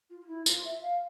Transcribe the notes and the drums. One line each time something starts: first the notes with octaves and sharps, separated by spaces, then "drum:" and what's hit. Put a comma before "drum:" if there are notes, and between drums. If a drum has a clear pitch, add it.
F4
F4
E4
F4, drum: tambourine
E5
F5